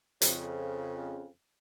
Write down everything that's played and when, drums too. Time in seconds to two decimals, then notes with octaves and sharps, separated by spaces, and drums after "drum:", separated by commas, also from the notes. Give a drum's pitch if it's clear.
0.22 F2 C#3, drum: hi-hat